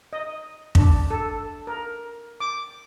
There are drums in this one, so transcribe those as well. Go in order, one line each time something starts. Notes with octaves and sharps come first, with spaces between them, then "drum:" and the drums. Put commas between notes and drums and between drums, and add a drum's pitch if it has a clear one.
D#5
D4, drum: kick
A4
A#4
D6